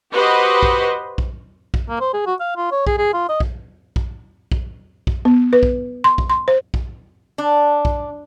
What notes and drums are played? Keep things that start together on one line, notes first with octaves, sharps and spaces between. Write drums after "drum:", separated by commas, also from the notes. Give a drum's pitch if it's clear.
F#4 G4 B4 C5 D#5
drum: kick
drum: kick
drum: kick
A#3
C5
G#4
F#4
F5
F4
C#5
G#4, drum: kick
G#4
F4
D#5
drum: kick
drum: kick
drum: kick
drum: kick
B3
B4
drum: kick
C6
drum: kick
C6
C5
drum: kick
D4
drum: kick